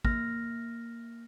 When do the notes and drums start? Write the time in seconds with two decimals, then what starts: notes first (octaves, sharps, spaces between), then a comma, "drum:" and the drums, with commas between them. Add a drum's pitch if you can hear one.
0.05 A#3 F6 A#6, drum: kick